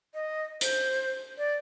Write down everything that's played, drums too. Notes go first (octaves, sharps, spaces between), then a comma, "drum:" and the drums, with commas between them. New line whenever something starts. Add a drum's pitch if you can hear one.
D#5
C5, drum: hi-hat
D5